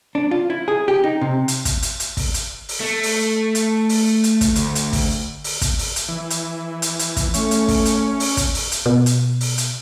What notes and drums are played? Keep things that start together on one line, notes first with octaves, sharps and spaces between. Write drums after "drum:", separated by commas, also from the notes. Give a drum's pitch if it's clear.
D4
F4
E4
G#4
G4
D#4
C3
drum: hi-hat
drum: kick, hi-hat
drum: hi-hat
drum: hi-hat
drum: kick, open hi-hat
drum: hi-hat
drum: open hi-hat
A3
drum: open hi-hat
drum: hi-hat
drum: open hi-hat
drum: hi-hat
drum: kick, hi-hat
D2, drum: hi-hat
drum: hi-hat
drum: kick, open hi-hat
drum: open hi-hat
drum: kick, hi-hat
drum: open hi-hat
drum: hi-hat
E3
drum: hi-hat
drum: hi-hat
drum: hi-hat
drum: kick, hi-hat
A3 C#4, drum: hi-hat
drum: hi-hat
drum: kick, open hi-hat
drum: hi-hat
drum: open hi-hat
drum: kick, hi-hat
drum: open hi-hat
drum: hi-hat
B2
drum: hi-hat
drum: open hi-hat
drum: hi-hat